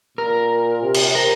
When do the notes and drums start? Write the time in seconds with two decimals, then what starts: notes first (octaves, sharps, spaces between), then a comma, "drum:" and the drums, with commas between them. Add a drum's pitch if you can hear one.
0.18 A#2 A#4
0.83 C3
0.94 drum: cymbal
1.15 A#4